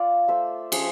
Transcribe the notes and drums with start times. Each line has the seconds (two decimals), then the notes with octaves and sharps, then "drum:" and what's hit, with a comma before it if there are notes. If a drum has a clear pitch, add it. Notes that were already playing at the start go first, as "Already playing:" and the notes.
Already playing: F4 D5 F5
0.28 A3 C5 E5
0.72 F3 G#4, drum: cymbal